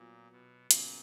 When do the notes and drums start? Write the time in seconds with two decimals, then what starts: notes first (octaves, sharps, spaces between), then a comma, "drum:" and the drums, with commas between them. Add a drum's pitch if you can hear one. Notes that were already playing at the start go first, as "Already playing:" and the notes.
Already playing: A#2 F#3 B3 F4
0.32 B2
0.71 A#2 C#3 F#3 B3 F4, drum: hi-hat